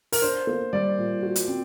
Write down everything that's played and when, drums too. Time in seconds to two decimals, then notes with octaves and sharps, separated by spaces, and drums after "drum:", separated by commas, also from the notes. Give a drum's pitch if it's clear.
0.12 A#4, drum: open hi-hat
0.22 D4 C5
0.47 A#3
0.73 G3 D5
0.98 A#2
1.23 F#4
1.36 drum: hi-hat
1.48 C4